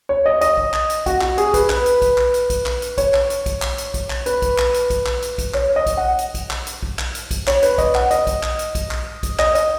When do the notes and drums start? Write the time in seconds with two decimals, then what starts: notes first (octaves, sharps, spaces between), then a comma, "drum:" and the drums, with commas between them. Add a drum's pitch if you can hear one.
0.09 C#5
0.26 D#5
0.41 D#5, drum: hi-hat
0.58 drum: kick
0.74 drum: clap
0.90 drum: hi-hat
1.06 F#4, drum: kick, hi-hat
1.21 F#4, drum: clap
1.38 G#4, drum: hi-hat
1.54 B4, drum: kick, hi-hat
1.69 B4, drum: clap
1.86 drum: hi-hat
2.02 drum: kick, hi-hat
2.18 drum: clap
2.34 drum: hi-hat
2.50 drum: kick, hi-hat
2.66 drum: clap
2.82 drum: hi-hat
2.98 C#5, drum: kick, hi-hat
3.14 drum: clap
3.30 drum: hi-hat
3.46 drum: kick, hi-hat
3.62 drum: clap
3.78 drum: hi-hat
3.94 drum: kick, hi-hat
4.10 drum: clap
4.26 B4, drum: hi-hat
4.42 drum: kick, hi-hat
4.58 drum: clap
4.74 drum: hi-hat
4.90 drum: kick, hi-hat
5.06 drum: clap
5.22 drum: hi-hat
5.38 drum: kick, hi-hat
5.54 C#5, drum: clap
5.76 D#5
5.86 drum: kick, hi-hat
5.97 F#5
6.18 drum: hi-hat
6.35 drum: kick, hi-hat
6.51 drum: clap
6.67 drum: hi-hat
6.83 drum: kick
6.99 drum: clap
7.15 drum: hi-hat
7.31 drum: kick, hi-hat
7.47 C#5, drum: clap
7.63 B4, drum: hi-hat
7.78 D#5, drum: kick, hi-hat
7.95 F#5, drum: clap
8.11 D#5, drum: hi-hat
8.27 drum: kick, hi-hat
8.43 drum: clap
8.59 drum: hi-hat
8.75 drum: kick, hi-hat
8.91 drum: clap
9.23 drum: kick, hi-hat
9.39 D#5, drum: clap
9.55 D#5, drum: hi-hat